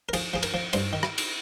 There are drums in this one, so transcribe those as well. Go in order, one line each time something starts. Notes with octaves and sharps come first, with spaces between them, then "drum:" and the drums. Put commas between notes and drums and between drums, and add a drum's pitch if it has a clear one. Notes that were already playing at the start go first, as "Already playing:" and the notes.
A#4
F3 G#4, drum: cymbal
F3 G#4
A#4, drum: cymbal
F3
G2 C5, drum: cymbal
D#3
drum: rim click
drum: cymbal